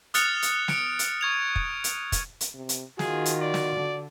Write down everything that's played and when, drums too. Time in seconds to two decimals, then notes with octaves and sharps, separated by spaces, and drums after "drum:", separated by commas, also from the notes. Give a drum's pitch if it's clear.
0.14 D#6 F6 F#6 A6 C#7 F7, drum: hi-hat
0.42 drum: hi-hat
0.68 C#7 D7, drum: snare
0.99 drum: hi-hat
1.21 C#6 G#6 F7
1.56 drum: kick
1.84 drum: hi-hat
2.12 drum: kick, hi-hat
2.41 drum: hi-hat
2.54 C3
2.69 drum: hi-hat
2.99 D#3 F4 F#4 G#4, drum: snare
3.25 drum: hi-hat
3.41 D5
3.54 drum: snare
3.75 D3